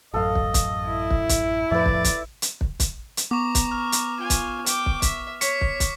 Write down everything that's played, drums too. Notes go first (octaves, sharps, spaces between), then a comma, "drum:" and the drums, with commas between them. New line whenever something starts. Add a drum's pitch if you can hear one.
A1 F#2 A4 D#5 F5
drum: kick
D#6, drum: kick, hi-hat
E4
drum: kick
drum: kick, hi-hat
F2 A2 F3 B4 D5 E5
drum: kick
drum: kick, hi-hat
drum: hi-hat
drum: kick
drum: kick, hi-hat
drum: hi-hat
B3 A#5 C#6 D6
drum: kick, hi-hat
F6
drum: hi-hat
F4 G#5
drum: kick, hi-hat
G5 D6, drum: hi-hat
drum: kick
E5, drum: kick, hi-hat
C#5 C#6 B6 C#7, drum: hi-hat
drum: kick
drum: kick, hi-hat